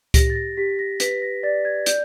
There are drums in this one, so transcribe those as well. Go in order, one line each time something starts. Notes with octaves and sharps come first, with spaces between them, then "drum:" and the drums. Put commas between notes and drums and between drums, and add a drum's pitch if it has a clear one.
G4 A#6, drum: kick C#2, hi-hat
A6
A#6
G4 B6
A#6
B4 B6, drum: hi-hat
A#6
D5 A6
G#6
D5 G6, drum: hi-hat